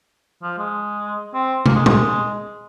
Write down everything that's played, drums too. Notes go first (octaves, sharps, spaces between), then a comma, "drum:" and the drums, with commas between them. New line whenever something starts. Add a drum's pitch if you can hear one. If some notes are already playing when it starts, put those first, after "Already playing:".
F3
G#3
C4
A#3, drum: tom
G#3
G#3, drum: tom